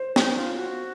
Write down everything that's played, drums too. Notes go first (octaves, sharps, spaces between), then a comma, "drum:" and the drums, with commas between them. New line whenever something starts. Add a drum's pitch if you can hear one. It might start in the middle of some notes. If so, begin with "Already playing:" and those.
Already playing: C5
D#4, drum: snare
F4
F#4